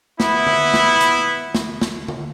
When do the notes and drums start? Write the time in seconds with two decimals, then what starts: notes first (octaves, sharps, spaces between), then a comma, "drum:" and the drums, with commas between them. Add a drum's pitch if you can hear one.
0.20 B3 E4, drum: snare
0.47 drum: tom C#3
0.74 drum: snare
1.01 drum: hi-hat
1.55 drum: snare
1.81 drum: snare
2.08 drum: tom C#3